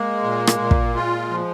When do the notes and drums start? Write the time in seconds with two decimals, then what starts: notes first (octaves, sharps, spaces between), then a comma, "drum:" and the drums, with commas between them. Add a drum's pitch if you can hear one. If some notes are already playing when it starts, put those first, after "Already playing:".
Already playing: G#3 A#3
0.23 A#2
0.47 drum: rim click
0.59 A#2
0.71 drum: kick
0.94 G#3 F4
1.30 F3